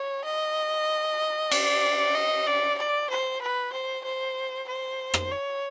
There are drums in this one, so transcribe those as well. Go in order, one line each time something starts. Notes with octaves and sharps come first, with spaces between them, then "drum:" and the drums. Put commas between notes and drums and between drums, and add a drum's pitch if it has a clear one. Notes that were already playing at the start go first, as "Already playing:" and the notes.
Already playing: C#5
D#5
D5, drum: cymbal
D#5
D5
D5
C5
B4
C5
C5
C5
drum: rim click
C#5